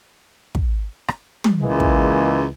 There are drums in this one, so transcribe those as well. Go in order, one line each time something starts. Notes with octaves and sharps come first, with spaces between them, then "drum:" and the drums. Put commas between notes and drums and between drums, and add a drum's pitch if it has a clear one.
drum: kick
drum: rim click
drum: tom
C#2 E3 G#3 A#3
drum: kick